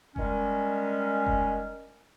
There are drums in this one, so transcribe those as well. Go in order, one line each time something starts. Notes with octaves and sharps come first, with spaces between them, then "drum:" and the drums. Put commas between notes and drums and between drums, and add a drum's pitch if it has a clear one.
D#3 G3 G#3 C#4, drum: kick F1
drum: kick F1